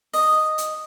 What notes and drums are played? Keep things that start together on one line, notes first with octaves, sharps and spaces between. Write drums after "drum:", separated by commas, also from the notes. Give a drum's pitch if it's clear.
D#5, drum: open hi-hat
drum: hi-hat